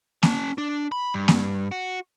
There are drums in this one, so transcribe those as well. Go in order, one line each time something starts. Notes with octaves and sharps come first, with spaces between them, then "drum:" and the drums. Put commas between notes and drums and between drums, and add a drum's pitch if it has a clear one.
C#4 A5, drum: snare A#3
D4
B5
G2
drum: snare A#3
F#4